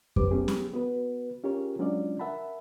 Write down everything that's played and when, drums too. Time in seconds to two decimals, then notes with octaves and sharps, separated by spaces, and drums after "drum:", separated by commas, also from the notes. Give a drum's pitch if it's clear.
0.16 G2 G4 B4 C5 D6, drum: kick F2
0.31 F#3 A3 B3 C#4 G4 G#4
0.48 drum: snare C#4
0.74 B3 F#4 B4
1.43 C#4 F4 G4 G#4 A#4 C#5
1.79 F#3 G#3 C#4 D4 F4 D5
2.19 A#4 E5 F#5 A5 B5